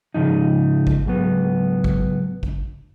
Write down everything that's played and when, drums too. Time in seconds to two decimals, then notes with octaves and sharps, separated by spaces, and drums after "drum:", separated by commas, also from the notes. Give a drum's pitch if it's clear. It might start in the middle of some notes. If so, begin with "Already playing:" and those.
0.14 G#2 C#3 F3 D#4
0.87 drum: kick
1.06 C#2 G#2 F#3 B3
1.84 drum: kick
2.43 drum: kick